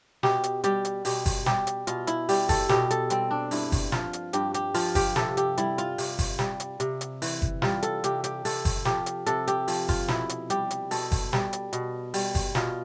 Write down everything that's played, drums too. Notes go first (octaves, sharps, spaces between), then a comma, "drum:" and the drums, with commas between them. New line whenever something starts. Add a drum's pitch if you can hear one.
B2 G4, drum: snare
drum: hi-hat
G3 G4, drum: hi-hat
drum: hi-hat
B2 G4, drum: open hi-hat
drum: kick F#1, open hi-hat
G3 G4, drum: snare
drum: hi-hat
B2 F4, drum: hi-hat
E4, drum: hi-hat
G3 G4, drum: open hi-hat
A4, drum: kick F#1, open hi-hat
B2 G4, drum: snare
A4, drum: hi-hat
G3 C4, drum: hi-hat
D4
G2 E4, drum: open hi-hat
drum: kick F#1, open hi-hat
F3 F4, drum: snare
drum: hi-hat
G2 G4, drum: hi-hat
G4, drum: hi-hat
F3 F4, drum: open hi-hat
G4, drum: kick F#1, open hi-hat
C3 A4, drum: snare
G4, drum: hi-hat
G3 E4, drum: hi-hat
F4, drum: hi-hat
C3, drum: open hi-hat
drum: kick F#1, open hi-hat
G3, drum: snare
drum: hi-hat
C3, drum: hi-hat
drum: hi-hat
E3, drum: open hi-hat
drum: kick F#1
G3 F4, drum: snare
A4, drum: hi-hat
C3 G4, drum: hi-hat
G4, drum: hi-hat
C3 A4, drum: open hi-hat
drum: kick F#1, open hi-hat
F3 G4, drum: snare
drum: hi-hat
C3 A4, drum: hi-hat
G4, drum: hi-hat
F3, drum: open hi-hat
F4, drum: kick F#1, open hi-hat
B2 E4, drum: snare
drum: hi-hat
G3 G4, drum: hi-hat
drum: hi-hat
B2 A4, drum: open hi-hat
drum: kick F#1, open hi-hat
G3, drum: snare
drum: hi-hat
B2, drum: hi-hat
G3, drum: open hi-hat
drum: kick F#1, open hi-hat
B2 F4, drum: snare